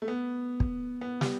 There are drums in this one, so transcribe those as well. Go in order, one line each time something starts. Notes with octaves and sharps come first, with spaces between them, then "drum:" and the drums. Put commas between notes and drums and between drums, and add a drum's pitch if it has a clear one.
A3
B3
drum: kick
B3
G3, drum: snare